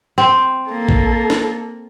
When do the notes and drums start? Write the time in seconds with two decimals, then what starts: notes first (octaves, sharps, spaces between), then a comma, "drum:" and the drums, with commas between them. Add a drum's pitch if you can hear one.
0.18 C4
0.70 A#3 A4
0.89 drum: kick A1
1.30 drum: snare